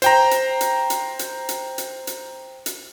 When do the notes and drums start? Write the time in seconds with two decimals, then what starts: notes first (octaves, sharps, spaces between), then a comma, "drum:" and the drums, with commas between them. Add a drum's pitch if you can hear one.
0.02 C5 G5 A#5, drum: hi-hat
0.31 drum: hi-hat
0.61 drum: hi-hat
0.90 drum: hi-hat
1.19 drum: hi-hat
1.49 drum: hi-hat
1.78 drum: hi-hat
2.07 drum: hi-hat
2.66 drum: hi-hat